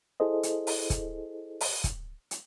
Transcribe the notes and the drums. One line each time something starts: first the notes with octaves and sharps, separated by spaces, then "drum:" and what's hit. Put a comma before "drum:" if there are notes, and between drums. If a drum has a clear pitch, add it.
E4 G#4 A4 C5 D#5
drum: hi-hat
drum: open hi-hat
drum: kick, hi-hat
drum: open hi-hat
drum: kick, hi-hat
drum: hi-hat